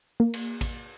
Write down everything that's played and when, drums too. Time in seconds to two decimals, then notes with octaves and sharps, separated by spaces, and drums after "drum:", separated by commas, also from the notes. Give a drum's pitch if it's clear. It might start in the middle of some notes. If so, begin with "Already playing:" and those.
0.20 A#3
0.34 drum: cymbal
0.61 drum: kick, cymbal